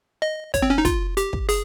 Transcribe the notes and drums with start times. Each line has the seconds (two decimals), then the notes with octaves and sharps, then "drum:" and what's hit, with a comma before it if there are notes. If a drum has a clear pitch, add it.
0.22 D#5
0.54 C#5, drum: kick, hi-hat
0.62 C4
0.70 C#4
0.78 D#4
0.85 F4, drum: kick, hi-hat
1.17 G4, drum: hi-hat
1.33 drum: kick
1.49 G#4, drum: open hi-hat